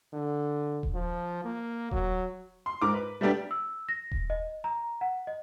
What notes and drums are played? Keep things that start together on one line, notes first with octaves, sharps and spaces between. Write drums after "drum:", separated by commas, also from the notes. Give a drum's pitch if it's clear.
D3
drum: kick D#1
F3
A#3
F#3, drum: kick D#1
C6
G#2 A#4 D6
B4
G3 A3 B3 D4 G4 D5
E6
A#6
drum: kick D#1
D#5
A#5
F#5
D#5